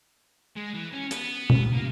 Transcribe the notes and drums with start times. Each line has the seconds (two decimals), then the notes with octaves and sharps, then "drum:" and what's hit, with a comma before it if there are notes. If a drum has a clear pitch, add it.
0.57 G#3
0.74 E3
0.93 C#4
1.11 B3, drum: hi-hat
1.50 drum: tom B2
1.73 A#3